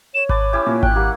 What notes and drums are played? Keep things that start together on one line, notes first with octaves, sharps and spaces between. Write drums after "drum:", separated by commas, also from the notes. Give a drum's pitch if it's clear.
C#5 E7
B4 A5 D6, drum: kick G#1
C#4 E4 G4
A#2 C#4
G5 F#6, drum: kick G#1
G3 A#3 F#5